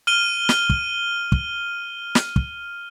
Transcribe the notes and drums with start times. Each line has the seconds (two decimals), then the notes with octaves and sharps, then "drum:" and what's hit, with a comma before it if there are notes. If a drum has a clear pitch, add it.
0.07 F6 D#7 G7
0.49 drum: snare
0.70 drum: kick
1.32 drum: kick
2.15 drum: snare
2.36 drum: kick